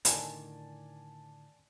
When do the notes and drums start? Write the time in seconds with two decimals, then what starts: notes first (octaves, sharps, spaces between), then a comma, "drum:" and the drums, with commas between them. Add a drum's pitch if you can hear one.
0.05 A2 D3 D#3 D5 G#5 A5, drum: hi-hat